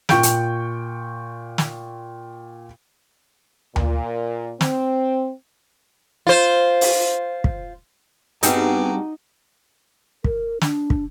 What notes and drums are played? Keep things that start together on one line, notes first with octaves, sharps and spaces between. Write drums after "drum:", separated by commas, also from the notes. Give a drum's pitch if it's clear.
A#2 G5 C#6 G6 D7, drum: snare
drum: hi-hat
drum: snare
A#2, drum: tom D2
C4, drum: snare
F4 C5
drum: open hi-hat
drum: kick
G2 B3 C4 D#4 F#4 G#4 D6, drum: hi-hat
A#4, drum: kick
D4, drum: snare
drum: kick